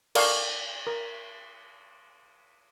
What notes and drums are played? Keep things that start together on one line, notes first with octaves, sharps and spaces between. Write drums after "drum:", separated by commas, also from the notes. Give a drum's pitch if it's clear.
A4 A#4 D5 F5 G#5 C#6, drum: cymbal
A#4